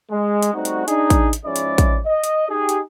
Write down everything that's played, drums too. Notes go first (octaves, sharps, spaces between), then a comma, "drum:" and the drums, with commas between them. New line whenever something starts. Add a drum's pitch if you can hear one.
G#3
drum: hi-hat
G3 A3 C4 D#4 F#4
drum: hi-hat
D4 D#4 G#4, drum: hi-hat
drum: kick, hi-hat
drum: hi-hat
G#2 F3 G#3 C#4 E4 D5
drum: hi-hat
drum: kick, hi-hat
D#5
drum: hi-hat
D#4 G4 G#4
drum: hi-hat